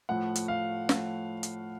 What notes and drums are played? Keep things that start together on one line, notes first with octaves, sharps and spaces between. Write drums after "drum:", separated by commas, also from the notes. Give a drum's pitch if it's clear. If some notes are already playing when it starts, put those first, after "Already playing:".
A2 F3 A3 F#5
drum: hi-hat
F5
A2 F3 A3, drum: snare
drum: hi-hat